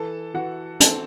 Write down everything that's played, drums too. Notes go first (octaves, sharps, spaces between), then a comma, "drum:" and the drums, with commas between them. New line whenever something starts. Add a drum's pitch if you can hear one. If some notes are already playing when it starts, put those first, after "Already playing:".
Already playing: E3 A4 A5
E3 F#4 F#5
C4 A4 A5, drum: hi-hat